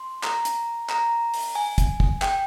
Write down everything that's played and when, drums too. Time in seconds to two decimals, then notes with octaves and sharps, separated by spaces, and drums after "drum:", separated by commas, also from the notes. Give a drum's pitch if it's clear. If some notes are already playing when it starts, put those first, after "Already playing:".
Already playing: C6
0.23 A#5, drum: clap
0.45 drum: hi-hat
0.90 A#5, drum: clap
1.34 drum: open hi-hat
1.55 G#5
1.78 drum: kick, hi-hat
2.00 drum: kick
2.22 G5, drum: clap